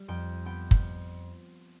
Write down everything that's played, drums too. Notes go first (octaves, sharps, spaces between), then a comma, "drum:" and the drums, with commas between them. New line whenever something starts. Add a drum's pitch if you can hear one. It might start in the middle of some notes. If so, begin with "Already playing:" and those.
Already playing: G3
F2 G5
B3 G5
drum: kick